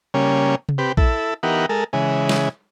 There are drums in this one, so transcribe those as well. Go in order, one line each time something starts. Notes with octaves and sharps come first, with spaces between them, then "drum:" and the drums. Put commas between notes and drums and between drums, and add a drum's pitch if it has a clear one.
C#3 G3 A#3 C#4
drum: tom C3
C4 G4 B4
E4 A4, drum: kick A#1
E3 B3 D#4 G4 A#4 F#5
G#3 A4 A#4
C#3 E3 G#3
drum: snare